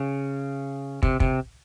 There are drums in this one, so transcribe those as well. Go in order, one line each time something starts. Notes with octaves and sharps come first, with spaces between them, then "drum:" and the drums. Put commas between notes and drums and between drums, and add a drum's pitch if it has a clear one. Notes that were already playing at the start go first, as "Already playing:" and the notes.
Already playing: C#3
C3, drum: kick
C3, drum: kick